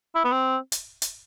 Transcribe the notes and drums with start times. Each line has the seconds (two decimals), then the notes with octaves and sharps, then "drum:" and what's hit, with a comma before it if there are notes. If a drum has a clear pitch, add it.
0.15 E4
0.24 B3
0.32 C4
0.72 drum: hi-hat
1.02 drum: hi-hat